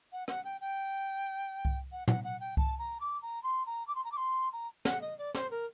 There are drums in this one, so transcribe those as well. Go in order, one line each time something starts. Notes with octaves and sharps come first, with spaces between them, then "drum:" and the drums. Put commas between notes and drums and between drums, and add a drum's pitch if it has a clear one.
F#5
F#5, drum: rim click
G5
G5
drum: kick C2
F#5
F#5, drum: tom
F#5
G5
A5, drum: kick C2
A#5
D6
A#5
C6
A#5
D6
C6
A#5
D6
C6
A#5
F#5, drum: snare
D#5
D5
C5, drum: snare
A#4